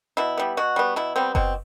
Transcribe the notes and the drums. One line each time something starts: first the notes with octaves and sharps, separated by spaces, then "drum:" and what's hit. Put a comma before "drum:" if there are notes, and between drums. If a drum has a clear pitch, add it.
B2 E4
G3 B3
B2 F#4
G3 B3
B2 E4
G3 B3 C4
B2 C4, drum: kick F#1